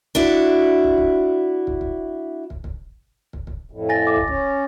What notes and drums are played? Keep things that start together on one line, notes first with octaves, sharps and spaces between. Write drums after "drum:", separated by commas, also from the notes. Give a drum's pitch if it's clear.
D4 E4 F#4, drum: kick
drum: kick
drum: kick
drum: kick
drum: kick
drum: kick
drum: kick
drum: kick
drum: kick
F2 A2
G#5 A6 A#6
D6
drum: kick
C#4, drum: kick